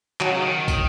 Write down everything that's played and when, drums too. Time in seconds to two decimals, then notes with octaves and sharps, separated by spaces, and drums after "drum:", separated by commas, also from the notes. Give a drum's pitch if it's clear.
0.20 D#3 F#3, drum: clap
0.30 C#3
0.41 D#3
0.68 drum: kick, tambourine